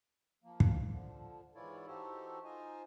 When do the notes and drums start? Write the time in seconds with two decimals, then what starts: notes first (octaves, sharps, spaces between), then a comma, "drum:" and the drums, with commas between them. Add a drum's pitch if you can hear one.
0.44 F3 A#3
0.60 drum: kick
0.90 D3 F3
1.55 G#2 E3 E4 F4 C#5 D5
1.87 E3 D#4 F#4 G4 A4 C5
2.45 D#4 F4 C5 D#5 G#5